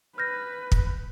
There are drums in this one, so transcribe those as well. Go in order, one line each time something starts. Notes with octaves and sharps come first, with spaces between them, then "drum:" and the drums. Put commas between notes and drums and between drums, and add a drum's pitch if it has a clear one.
B4 F6 G6 A#6
drum: kick